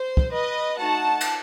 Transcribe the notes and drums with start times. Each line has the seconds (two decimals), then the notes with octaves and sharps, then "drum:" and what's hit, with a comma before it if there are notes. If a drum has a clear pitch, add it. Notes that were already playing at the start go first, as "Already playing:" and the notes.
Already playing: C5
0.17 drum: kick
0.33 B4 D#5
0.79 A3 D#4 F#4 F#5 A5
1.20 drum: cymbal